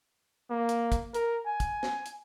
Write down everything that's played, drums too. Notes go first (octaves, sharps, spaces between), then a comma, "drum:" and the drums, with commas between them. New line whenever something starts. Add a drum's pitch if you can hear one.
A#3
drum: hi-hat
drum: kick, hi-hat
A#4, drum: hi-hat
G#5
drum: kick, hi-hat
drum: snare
drum: hi-hat